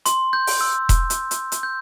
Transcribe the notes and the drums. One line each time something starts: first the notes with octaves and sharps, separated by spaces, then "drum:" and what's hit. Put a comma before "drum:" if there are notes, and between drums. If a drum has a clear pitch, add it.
C6, drum: hi-hat
G6
drum: open hi-hat
E6
drum: kick E1, hi-hat
drum: hi-hat
drum: hi-hat
drum: hi-hat
G6